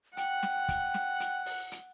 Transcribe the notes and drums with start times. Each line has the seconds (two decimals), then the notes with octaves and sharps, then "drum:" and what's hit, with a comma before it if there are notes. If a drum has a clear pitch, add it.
0.17 F#5 G5, drum: hi-hat
0.43 drum: snare
0.69 drum: kick, hi-hat
0.94 drum: snare
1.20 drum: hi-hat
1.46 drum: open hi-hat
1.72 drum: hi-hat